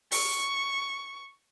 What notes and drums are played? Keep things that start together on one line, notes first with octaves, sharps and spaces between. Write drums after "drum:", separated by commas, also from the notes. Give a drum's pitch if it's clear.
C#6, drum: open hi-hat